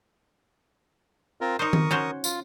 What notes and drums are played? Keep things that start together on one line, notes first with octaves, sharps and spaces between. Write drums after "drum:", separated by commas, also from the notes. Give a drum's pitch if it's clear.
C4 F4 A#4
D#4 A#4 C5 C#6 D#6
drum: tom D#3
C#4 F#4 C5
F4, drum: tambourine